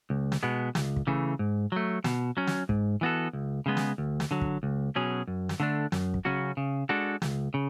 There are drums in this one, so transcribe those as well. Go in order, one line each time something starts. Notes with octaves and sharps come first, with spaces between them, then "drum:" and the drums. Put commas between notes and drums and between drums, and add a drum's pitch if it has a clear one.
C#2
drum: snare
B2 G#3 B3
C#2, drum: snare
drum: kick
C#3 E3 A3
G#2
F#3 A3
B2, drum: snare
F#3 C#4
drum: snare
G#2, drum: kick
E3 B3 F#4 A4
C#2
C#3 G#3 B3
drum: snare
D2
drum: snare
D3 F#3
drum: kick
C#2
B2 F#3 C#4 G#4
F#2
drum: snare
D3 A3 D4
F#2, drum: snare
drum: kick
C#3 F#3 C#4 F#4
C#3
G#3 D4 F#4 A4
C#2, drum: snare
C#3